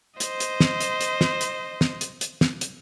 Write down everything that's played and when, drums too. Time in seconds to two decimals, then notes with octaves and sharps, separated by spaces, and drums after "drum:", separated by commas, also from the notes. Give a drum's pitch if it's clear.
0.20 C5 D#5, drum: hi-hat
0.40 drum: hi-hat
0.60 drum: snare
0.81 drum: hi-hat
1.01 drum: hi-hat
1.21 drum: snare
1.41 drum: hi-hat
1.81 drum: snare
2.01 drum: hi-hat
2.21 drum: hi-hat
2.41 drum: snare
2.61 drum: hi-hat